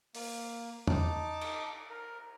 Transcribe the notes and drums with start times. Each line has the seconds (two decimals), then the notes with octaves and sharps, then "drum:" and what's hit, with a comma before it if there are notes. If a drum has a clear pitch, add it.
0.15 A#3, drum: open hi-hat
0.87 D#4 A5 D6, drum: tom
1.41 drum: cymbal
1.90 A#4